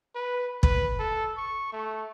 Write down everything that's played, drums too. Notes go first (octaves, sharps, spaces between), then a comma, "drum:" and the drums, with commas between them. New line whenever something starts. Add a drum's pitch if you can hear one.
B4
B4, drum: kick
A4
C#6
A3